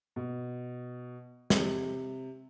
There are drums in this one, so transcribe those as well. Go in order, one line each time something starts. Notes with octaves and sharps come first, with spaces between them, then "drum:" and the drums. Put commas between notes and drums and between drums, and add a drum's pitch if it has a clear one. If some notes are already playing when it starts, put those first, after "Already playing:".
B2
C3, drum: snare